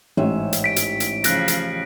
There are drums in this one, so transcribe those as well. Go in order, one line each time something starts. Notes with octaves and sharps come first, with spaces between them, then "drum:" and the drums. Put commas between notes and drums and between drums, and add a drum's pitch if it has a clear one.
A1 G#2 C#4 E5
drum: hi-hat
B6 D7
drum: hi-hat
drum: hi-hat
C#3 F3 F#6 A#6, drum: hi-hat
drum: hi-hat